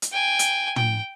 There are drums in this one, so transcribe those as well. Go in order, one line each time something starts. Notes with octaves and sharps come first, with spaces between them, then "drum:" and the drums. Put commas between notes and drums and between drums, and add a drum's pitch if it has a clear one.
drum: hi-hat
G5 G#5
drum: hi-hat
G5, drum: tom